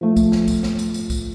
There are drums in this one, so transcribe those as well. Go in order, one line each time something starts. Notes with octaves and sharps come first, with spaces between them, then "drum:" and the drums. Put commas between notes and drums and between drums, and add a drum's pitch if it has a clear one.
F3 A3
drum: kick C2, tambourine
drum: snare
drum: kick C2, tambourine
drum: snare
drum: tambourine
drum: tambourine
drum: kick C2, tambourine